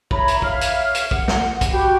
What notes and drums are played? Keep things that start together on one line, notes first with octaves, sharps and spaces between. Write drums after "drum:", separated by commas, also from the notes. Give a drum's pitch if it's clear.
C#5 E5 A#5 B5, drum: kick
drum: hi-hat
C#5 E5 F5 F6, drum: kick
drum: hi-hat
drum: hi-hat
F#5, drum: kick
drum: snare
drum: kick, hi-hat
F#4 G4 G5 B5